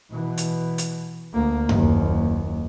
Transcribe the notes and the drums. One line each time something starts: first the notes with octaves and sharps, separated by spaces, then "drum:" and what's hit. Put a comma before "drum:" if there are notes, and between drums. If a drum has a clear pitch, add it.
B2 E3
drum: hi-hat
drum: hi-hat
D2 A#3
F#1 D#2, drum: tom F#2